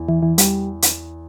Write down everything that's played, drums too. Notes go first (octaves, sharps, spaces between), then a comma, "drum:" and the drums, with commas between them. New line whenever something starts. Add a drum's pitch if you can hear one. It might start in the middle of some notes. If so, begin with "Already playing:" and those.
Already playing: E2
E3
E3
G3, drum: hi-hat
drum: hi-hat